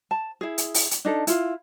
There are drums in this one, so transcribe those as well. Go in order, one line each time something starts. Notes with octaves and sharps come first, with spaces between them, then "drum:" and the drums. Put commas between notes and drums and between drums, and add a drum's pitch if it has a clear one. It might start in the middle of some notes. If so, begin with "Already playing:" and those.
A5
E4 G#4
drum: hi-hat
drum: open hi-hat
drum: hi-hat
D4 D#4 A4
E4 F4 F5, drum: hi-hat